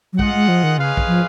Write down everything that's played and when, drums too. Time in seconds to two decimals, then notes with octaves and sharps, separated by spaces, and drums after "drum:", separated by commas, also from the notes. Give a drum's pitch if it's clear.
0.13 F#3
0.19 G#3 F4 G#4 D#5 F#5, drum: kick
0.34 G#3
0.48 F3
0.64 D#3
0.78 C#3 G#3 C#4 G#4 B4 F5
0.97 drum: kick
1.07 F3